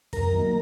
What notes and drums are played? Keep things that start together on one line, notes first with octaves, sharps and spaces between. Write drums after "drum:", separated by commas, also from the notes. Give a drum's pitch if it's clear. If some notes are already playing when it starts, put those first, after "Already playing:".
F#2 A#4 A#5, drum: kick C#2, cymbal
D#3 F#3 A#3